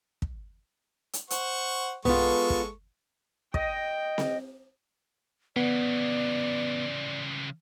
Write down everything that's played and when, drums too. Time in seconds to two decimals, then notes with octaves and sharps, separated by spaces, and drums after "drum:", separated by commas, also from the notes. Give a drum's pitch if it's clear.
0.22 drum: kick
1.13 drum: hi-hat
1.30 C5 F#5 C#6, drum: hi-hat
2.05 G#3 B3 F4 A4 C#6, drum: tom
2.50 drum: kick
3.54 D#5 G5, drum: kick
4.18 drum: snare C4
5.56 C#3 E3 B3 D5